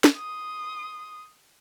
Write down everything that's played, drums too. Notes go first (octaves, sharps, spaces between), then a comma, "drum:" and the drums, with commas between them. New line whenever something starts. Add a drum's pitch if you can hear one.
drum: snare
C6 D#6